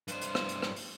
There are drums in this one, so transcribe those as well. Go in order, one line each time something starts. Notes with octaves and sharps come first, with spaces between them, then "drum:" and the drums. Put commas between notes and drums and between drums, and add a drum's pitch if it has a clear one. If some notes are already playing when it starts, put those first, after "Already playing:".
G2 C5, drum: hi-hat
drum: hi-hat
drum: rim click
drum: hi-hat
drum: rim click
drum: open hi-hat